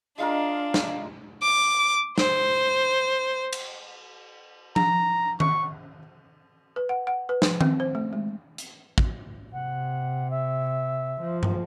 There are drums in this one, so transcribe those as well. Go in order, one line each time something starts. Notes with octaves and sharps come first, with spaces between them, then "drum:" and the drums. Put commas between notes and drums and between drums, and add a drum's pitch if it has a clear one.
G#3 D4 F4 A#4 F5
drum: snare
D6
C5, drum: snare
drum: cymbal
A#5, drum: tom F3
C#6, drum: tom D#3
B4
F#5
F#5
B4
F3, drum: snare
C4, drum: tom D#3
C5
A3
G#3
drum: hi-hat
drum: kick
C3 F#5
E5
F3
drum: tom G2